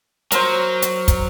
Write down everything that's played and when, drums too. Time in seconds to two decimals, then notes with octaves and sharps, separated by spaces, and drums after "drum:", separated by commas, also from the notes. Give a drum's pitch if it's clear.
0.32 F#3 A#4 C5, drum: hi-hat
0.82 drum: hi-hat
1.08 drum: kick, hi-hat